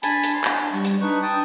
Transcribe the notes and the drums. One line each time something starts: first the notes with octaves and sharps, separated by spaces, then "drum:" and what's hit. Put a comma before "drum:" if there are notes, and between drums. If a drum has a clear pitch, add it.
D4 G#5 A5 B5, drum: hi-hat
drum: hi-hat
C6
drum: clap
G3 C#6
drum: hi-hat
D4 D#4 B4 C#6
G5 A5 D#6